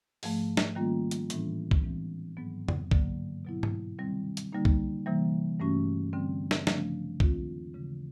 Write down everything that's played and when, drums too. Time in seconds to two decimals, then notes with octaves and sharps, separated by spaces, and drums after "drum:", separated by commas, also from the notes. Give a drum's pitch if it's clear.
0.23 G#2 F3 A3, drum: open hi-hat
0.57 drum: snare
0.75 D#3 G3 A#3 C#4 F4
1.11 drum: hi-hat
1.30 A2 E3 G3 B3 D4, drum: hi-hat
1.71 drum: kick
1.84 E3 G#3 C4
2.37 G#2 D#3 F#3 B3
2.68 drum: tom F2
2.91 G2 D3 F#3 A#3, drum: kick
3.45 B2 F#3 B3 E4
3.63 drum: tom G#2
3.99 C3 D#3 G3 C4
4.37 drum: hi-hat
4.53 D3 G3 A#3 D#4
4.65 drum: kick
5.06 C3 E3 G3 A#3
5.60 G2 E3 A3 C#4 F#4
6.13 D3 G3 C4
6.51 drum: snare
6.67 C#3 F3 A3 D4, drum: snare
7.20 D#2 D#3 G#3 C4 F4, drum: kick
7.74 C#3 E3 G#3